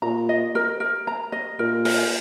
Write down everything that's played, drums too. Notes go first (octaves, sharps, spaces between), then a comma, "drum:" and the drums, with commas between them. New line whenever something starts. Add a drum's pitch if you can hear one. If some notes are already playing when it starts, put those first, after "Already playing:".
A#2 A#5
D#5
A#4
A#4
A#5
D#5
A#2 A#4
A#4, drum: open hi-hat